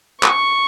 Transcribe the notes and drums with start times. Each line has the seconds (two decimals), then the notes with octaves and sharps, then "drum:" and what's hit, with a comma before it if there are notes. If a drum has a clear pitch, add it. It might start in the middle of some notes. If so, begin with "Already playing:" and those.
0.23 C#6, drum: clap